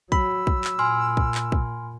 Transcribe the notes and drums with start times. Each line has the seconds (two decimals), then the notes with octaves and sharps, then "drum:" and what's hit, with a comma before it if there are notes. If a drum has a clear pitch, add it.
0.12 F#3 B5 E6, drum: kick
0.47 drum: kick
0.64 drum: clap
0.79 A#2 G#5 C6 F6
1.17 drum: kick
1.35 drum: clap
1.52 drum: kick